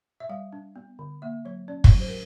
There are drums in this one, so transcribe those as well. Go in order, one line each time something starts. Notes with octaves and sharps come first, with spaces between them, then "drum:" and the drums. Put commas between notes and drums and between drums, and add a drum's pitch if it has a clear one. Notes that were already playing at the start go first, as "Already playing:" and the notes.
E5
G3 F5
D4
B3
D3
A#3 E5
F#3 C#5
C#4 D5
C#5, drum: kick
F#3
C5
A#4